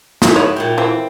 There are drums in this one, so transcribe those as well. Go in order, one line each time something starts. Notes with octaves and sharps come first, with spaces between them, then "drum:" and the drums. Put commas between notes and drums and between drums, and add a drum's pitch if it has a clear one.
G#2 D#4 E4, drum: snare
E4 F#4 C#5 D#5
A#2 F#5 G5
E3 C4